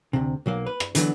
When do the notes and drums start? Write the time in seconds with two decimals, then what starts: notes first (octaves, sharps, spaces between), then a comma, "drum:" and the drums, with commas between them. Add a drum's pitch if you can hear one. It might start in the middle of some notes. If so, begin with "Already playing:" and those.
0.13 D2 C3
0.46 B1 F#3 A#3
0.66 B4
0.80 drum: rim click
0.95 D3 E3 F#3 B3, drum: hi-hat